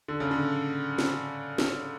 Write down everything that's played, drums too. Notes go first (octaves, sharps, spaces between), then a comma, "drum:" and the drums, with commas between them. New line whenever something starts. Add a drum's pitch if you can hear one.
D3
C#3
D3
drum: snare
drum: snare